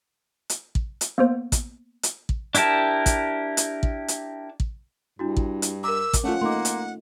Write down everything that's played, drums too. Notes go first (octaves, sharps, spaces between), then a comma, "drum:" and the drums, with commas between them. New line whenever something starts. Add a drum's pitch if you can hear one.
drum: hi-hat
drum: kick
drum: hi-hat
A#3 B3 C5
drum: kick, hi-hat
drum: hi-hat
drum: kick
D4 E4 G4 A#4 A5, drum: hi-hat
drum: kick, hi-hat
drum: hi-hat
drum: kick
drum: hi-hat
drum: kick
G2 D4 E4 F#4
drum: kick
drum: hi-hat
A#4 A#5 D6 E6
drum: kick, hi-hat
A3 C#4 F4 F#5
A3 A#3 D#4 C6 D6
drum: hi-hat